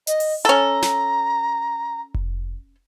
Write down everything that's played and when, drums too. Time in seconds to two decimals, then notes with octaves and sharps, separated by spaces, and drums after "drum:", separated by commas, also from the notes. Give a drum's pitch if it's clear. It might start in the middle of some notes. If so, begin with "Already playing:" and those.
0.07 D#5, drum: hi-hat
0.20 drum: open hi-hat
0.45 C#4 A4 A#5
0.82 drum: snare
2.14 drum: kick F1